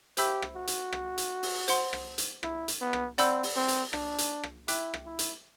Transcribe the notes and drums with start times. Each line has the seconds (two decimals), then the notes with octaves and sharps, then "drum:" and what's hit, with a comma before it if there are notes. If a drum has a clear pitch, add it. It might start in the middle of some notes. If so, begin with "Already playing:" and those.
0.17 G4 C5 E5 B5 E6 G6, drum: hi-hat
0.42 drum: rim click
0.55 F#4
0.67 drum: hi-hat
0.93 drum: rim click
1.18 drum: hi-hat
1.43 drum: open hi-hat
1.68 C5 F#5 C6, drum: hi-hat
1.93 drum: rim click
2.18 drum: hi-hat
2.43 E4, drum: rim click
2.68 drum: hi-hat
2.81 B3
2.93 drum: rim click
3.18 C4 D5 F#5 B5 E6 G6, drum: hi-hat
3.43 drum: open hi-hat
3.56 C4
3.68 drum: hi-hat
3.93 D4, drum: rim click
4.18 drum: hi-hat
4.43 drum: rim click
4.68 E4 E5 G5 D6 F#6, drum: hi-hat
4.94 drum: rim click
5.06 E4
5.19 drum: hi-hat